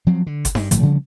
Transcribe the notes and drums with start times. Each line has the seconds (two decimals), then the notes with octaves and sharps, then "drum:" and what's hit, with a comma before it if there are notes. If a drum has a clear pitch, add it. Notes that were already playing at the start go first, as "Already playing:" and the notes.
0.07 F3 F#3 C4
0.27 D3
0.45 drum: kick G1, hi-hat
0.55 G2, drum: snare D#4
0.71 G1 A2 F3 A3, drum: hi-hat
0.83 C#3 F3 G3 C#4